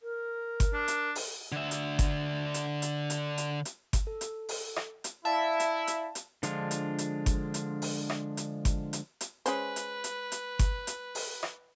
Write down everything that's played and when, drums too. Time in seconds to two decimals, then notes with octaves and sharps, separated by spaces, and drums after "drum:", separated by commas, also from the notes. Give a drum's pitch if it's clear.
0.01 A#4
0.60 drum: kick G1, hi-hat
0.73 D4
0.88 drum: hi-hat
1.15 drum: open hi-hat
1.52 D3 E5
1.71 drum: hi-hat
1.99 drum: kick G1, hi-hat
2.54 drum: hi-hat
2.82 drum: hi-hat
3.10 drum: hi-hat
3.38 drum: hi-hat
3.65 drum: hi-hat
3.93 drum: kick G1, hi-hat
4.07 A4
4.21 drum: hi-hat
4.49 drum: open hi-hat
4.76 drum: rim click
5.04 drum: hi-hat
5.25 E4 D5 E5 F5 A5
5.60 drum: hi-hat
5.87 drum: hi-hat
6.15 drum: hi-hat
6.43 D3 F3 G#3 D4 F4, drum: hi-hat
6.71 drum: hi-hat
6.98 drum: hi-hat
7.26 drum: kick G1, hi-hat
7.54 drum: hi-hat
7.82 drum: open hi-hat
8.10 drum: rim click
8.37 drum: hi-hat
8.65 drum: kick G1, hi-hat
8.93 drum: hi-hat
9.21 drum: hi-hat
9.46 G#3 C#4 B4 C5, drum: hi-hat
9.76 drum: hi-hat
10.04 drum: hi-hat
10.32 drum: hi-hat
10.59 drum: kick G1, hi-hat
10.87 drum: hi-hat
11.15 drum: open hi-hat
11.43 drum: rim click